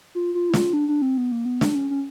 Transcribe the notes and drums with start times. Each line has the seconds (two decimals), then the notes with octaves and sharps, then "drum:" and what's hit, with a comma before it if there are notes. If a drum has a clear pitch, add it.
0.15 F4
0.35 F4
0.50 E4
0.54 F4, drum: snare
0.73 D4
0.88 D4
1.02 C4
1.18 B3
1.32 A#3
1.45 B3
1.61 D4, drum: snare
1.75 C#4
1.90 C#4